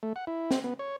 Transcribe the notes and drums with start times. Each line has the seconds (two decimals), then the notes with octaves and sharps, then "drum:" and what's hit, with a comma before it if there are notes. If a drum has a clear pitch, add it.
0.03 A3
0.16 F#5
0.27 E4
0.51 C4, drum: snare
0.64 B3
0.79 C#5